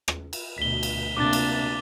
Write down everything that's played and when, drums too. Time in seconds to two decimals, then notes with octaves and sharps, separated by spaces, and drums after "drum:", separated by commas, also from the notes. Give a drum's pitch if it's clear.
0.08 drum: rim click
0.33 drum: cymbal
0.58 D2 B2 B6 G7
0.83 drum: cymbal
1.17 C3 A#3 D4 D6 A6
1.33 drum: cymbal